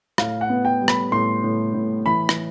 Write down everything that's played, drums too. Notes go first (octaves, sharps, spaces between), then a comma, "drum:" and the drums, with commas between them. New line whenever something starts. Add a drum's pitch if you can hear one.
A2 F5, drum: rim click
F#5
B3
G5
G3
B5, drum: rim click
A2 C6
A2
A2
E3 B5
drum: rim click